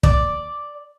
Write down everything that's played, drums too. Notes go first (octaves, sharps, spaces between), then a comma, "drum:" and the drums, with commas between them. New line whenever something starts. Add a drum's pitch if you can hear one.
D5, drum: kick